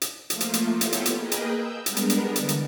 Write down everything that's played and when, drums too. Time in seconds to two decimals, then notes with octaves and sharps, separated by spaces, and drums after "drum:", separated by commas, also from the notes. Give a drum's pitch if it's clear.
0.01 drum: hi-hat
0.30 F3 A3 A#3 F4, drum: hi-hat
0.40 drum: hi-hat
0.54 drum: hi-hat
0.81 B3 E4 F4 G4 A4 C#5, drum: hi-hat
0.93 drum: hi-hat
1.06 drum: hi-hat
1.17 A#3 G#4 A#4 B4 D#5 G5
1.32 drum: hi-hat
1.52 E6 G6
1.86 G3 G#3 B3 D4 A#4, drum: hi-hat
1.97 drum: hi-hat
2.10 drum: hi-hat
2.36 D3 E3, drum: hi-hat
2.49 drum: hi-hat